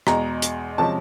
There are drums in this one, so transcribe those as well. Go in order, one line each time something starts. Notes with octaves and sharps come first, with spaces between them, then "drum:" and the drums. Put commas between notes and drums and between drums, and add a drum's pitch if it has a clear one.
E2 B2 G#3 A#5, drum: rim click
drum: hi-hat
C3 F3 G#3 C#4 A5